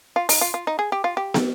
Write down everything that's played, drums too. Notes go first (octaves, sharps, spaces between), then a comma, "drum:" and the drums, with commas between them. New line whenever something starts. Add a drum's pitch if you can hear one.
F4
D#4, drum: open hi-hat
F4
F4
D#4
G#4
G4
F4
G4
drum: snare